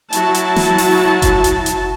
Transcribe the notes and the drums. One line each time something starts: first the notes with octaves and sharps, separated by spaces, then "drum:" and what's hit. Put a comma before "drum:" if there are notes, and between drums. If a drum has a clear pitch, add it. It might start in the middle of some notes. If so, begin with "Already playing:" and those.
F#3 E4 F#4 A5, drum: hi-hat
drum: hi-hat
drum: snare
drum: open hi-hat
drum: kick F#1, hi-hat
drum: hi-hat
drum: hi-hat